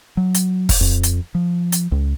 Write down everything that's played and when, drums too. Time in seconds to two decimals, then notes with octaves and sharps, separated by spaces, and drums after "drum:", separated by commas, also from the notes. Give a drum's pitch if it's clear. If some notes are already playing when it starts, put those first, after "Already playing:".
0.17 F#3
0.34 drum: hi-hat
0.69 drum: kick, open hi-hat
0.81 F2
1.03 drum: hi-hat
1.35 F3
1.72 drum: hi-hat
1.92 C#2